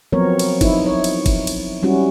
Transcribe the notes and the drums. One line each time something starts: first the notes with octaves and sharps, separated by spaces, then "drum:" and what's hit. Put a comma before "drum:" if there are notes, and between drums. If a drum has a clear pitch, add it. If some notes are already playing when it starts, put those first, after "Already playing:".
F3 F#3 B3 C4 A#4 C#5
drum: cymbal
D#4 E4, drum: kick G1, cymbal
C#5
drum: cymbal
drum: kick G1, cymbal
drum: cymbal
F#3 G3 C#4 E4 F#4